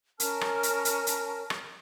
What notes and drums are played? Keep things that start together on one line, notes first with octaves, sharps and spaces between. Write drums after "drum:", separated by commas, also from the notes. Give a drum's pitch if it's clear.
C#4 A#4 A5 F6, drum: hi-hat
drum: rim click
drum: hi-hat
drum: hi-hat
drum: hi-hat
drum: rim click